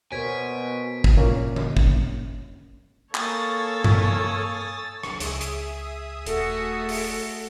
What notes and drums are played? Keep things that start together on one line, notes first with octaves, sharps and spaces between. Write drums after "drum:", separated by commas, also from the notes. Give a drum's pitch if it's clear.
B2 A#4 C5 C#5 G#5 G#6 B6 D7
drum: kick
A#2 A#3 C#4
drum: tom E3
drum: kick
A#3 A4 C#5 G#5 D#6 E6 A6, drum: clap
drum: tom G2
drum: rim click
C#2 G#4 E5 D#6, drum: hi-hat
drum: hi-hat
D#1 A3 F#4 A4, drum: hi-hat
drum: open hi-hat